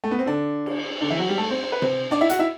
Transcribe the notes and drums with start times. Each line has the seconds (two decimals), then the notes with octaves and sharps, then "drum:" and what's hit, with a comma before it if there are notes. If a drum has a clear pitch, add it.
0.04 A3
0.11 B3
0.19 C4
0.26 D3 D4
0.66 drum: cymbal
1.01 D3 D4
1.10 E3 E4
1.19 F#3 F#4
1.29 G3 G4
1.38 A3 A4
1.51 C4 C5
1.63 C5
1.72 B4
1.82 C4 C5, drum: tom C3
2.11 D4 D5
2.21 E4 E5
2.30 F#4 F#5, drum: hi-hat
2.39 E4 E5